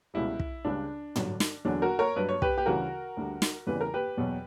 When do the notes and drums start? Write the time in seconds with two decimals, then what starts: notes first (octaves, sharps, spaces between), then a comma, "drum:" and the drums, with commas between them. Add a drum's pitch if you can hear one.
0.14 C#2 B2 G3 E4
0.40 drum: kick
0.65 C#2 C#3 G3 D4
1.16 G2 D3 F#3, drum: tom
1.40 drum: snare
1.65 E2 D3 F#3 D4
1.82 F#4 A#4
1.99 A#4 C#5
2.16 G2 F#3 B4
2.29 C#5
2.42 G4 B4, drum: kick
2.58 G4
2.66 D2 C#3 E3 G3 F#4 A#4
3.17 D2 D3 G3
3.42 drum: snare
3.67 E2 C#3 E3 G3 B4
3.81 A#4
3.94 G4 B4
4.17 E2 B2 F#3